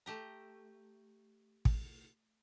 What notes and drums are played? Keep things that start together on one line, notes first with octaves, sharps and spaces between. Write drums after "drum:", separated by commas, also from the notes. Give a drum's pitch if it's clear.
A3 G4 A#5
drum: kick